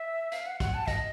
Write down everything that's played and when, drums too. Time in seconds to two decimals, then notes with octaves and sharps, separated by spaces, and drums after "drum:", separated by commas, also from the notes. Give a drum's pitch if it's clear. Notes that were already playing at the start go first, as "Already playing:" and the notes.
Already playing: E5
0.32 F5, drum: hi-hat
0.46 F#5
0.60 F#5, drum: kick, hi-hat
0.74 A5
0.88 D#5, drum: kick, hi-hat